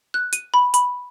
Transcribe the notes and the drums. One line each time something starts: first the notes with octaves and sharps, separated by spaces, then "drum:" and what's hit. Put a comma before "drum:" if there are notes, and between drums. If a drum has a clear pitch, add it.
F#6
D#7, drum: hi-hat
B5
B5, drum: hi-hat